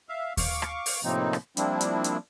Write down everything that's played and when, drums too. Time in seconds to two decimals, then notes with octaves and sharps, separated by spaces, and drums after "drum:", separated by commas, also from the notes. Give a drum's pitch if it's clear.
0.09 E5 F5
0.37 F5 C#6 D6, drum: kick D#2, open hi-hat
0.62 drum: rim click
0.86 drum: open hi-hat
1.04 A2 C3 F3 A#3 C4 D#4
1.33 drum: rim click
1.57 F3 G3 A#3 C4 D4 E4, drum: hi-hat
1.81 drum: hi-hat
2.04 drum: hi-hat